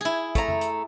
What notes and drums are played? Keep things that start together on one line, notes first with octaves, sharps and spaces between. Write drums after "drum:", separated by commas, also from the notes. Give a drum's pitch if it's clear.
E4 G#4
A3 A#5, drum: kick, hi-hat
drum: tom F2
drum: hi-hat